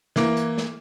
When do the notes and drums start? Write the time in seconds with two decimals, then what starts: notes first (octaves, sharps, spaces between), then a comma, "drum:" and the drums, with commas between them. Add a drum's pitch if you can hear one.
0.16 E3 A#3, drum: snare
0.37 drum: hi-hat
0.58 drum: snare